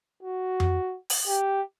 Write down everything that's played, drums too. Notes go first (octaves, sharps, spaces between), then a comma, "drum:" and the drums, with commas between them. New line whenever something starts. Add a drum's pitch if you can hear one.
F#4
drum: tom F2
drum: open hi-hat
G4